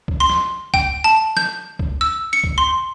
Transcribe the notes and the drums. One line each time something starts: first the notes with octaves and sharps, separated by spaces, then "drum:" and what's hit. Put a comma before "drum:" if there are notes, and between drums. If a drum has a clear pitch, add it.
drum: kick C#2
C6
drum: snare
G5, drum: kick C#2
A5
G6, drum: snare
drum: kick C#2
E6
C#7
drum: kick C#2
C6